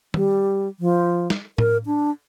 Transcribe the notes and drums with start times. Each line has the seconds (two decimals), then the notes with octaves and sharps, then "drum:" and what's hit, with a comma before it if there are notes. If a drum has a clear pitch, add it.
0.14 G3, drum: tom
0.79 F3
1.30 drum: snare
1.58 A#4, drum: tom A2
1.86 D4